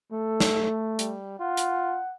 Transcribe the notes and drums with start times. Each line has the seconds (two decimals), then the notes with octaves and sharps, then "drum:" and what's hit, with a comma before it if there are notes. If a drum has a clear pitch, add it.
0.12 A3 A4
0.40 drum: snare
0.99 G3, drum: hi-hat
1.39 F4 F#5
1.57 drum: hi-hat